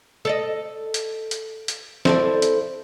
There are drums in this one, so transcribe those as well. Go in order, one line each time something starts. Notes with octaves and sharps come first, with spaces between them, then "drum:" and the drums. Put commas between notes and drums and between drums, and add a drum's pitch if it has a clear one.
A4 D5 D#5
drum: hi-hat
drum: hi-hat
drum: hi-hat
E4 A4 C5 D5, drum: snare
drum: hi-hat